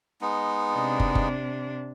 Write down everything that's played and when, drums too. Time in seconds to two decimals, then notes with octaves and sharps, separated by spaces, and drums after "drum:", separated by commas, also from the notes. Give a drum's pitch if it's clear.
0.21 G#3 B3 D#4
0.73 C3 D4
1.00 drum: kick
1.15 drum: kick